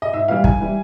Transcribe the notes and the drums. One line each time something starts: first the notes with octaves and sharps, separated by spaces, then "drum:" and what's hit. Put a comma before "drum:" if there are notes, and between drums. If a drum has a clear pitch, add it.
D#5
G#2 E5
E3 G3 F5
G#2 G#5, drum: kick
E3 G3